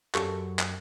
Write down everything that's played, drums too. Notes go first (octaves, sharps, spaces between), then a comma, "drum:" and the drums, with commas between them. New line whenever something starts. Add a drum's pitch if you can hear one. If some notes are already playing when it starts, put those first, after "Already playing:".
F#2 G4 A4 C#6, drum: clap
drum: clap